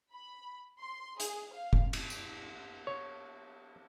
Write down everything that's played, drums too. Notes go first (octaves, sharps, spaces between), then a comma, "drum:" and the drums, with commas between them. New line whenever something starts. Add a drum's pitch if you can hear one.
B5
C6
G#4, drum: hi-hat
F5
drum: kick F1
drum: cymbal
drum: tambourine
C#5